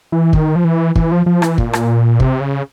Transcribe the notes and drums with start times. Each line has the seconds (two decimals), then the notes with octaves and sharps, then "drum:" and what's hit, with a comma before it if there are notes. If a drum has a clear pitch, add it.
0.12 E3
0.33 D#3, drum: kick
0.56 F3
0.64 E3
0.96 E3, drum: kick
1.12 F3
1.26 F3
1.42 E3, drum: rim click
1.58 A#2, drum: kick
1.73 drum: rim click
2.20 C3, drum: kick
2.41 C#3